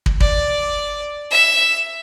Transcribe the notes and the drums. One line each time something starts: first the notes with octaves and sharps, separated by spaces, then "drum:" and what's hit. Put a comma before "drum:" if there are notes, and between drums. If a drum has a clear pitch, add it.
drum: kick
D5, drum: kick
E5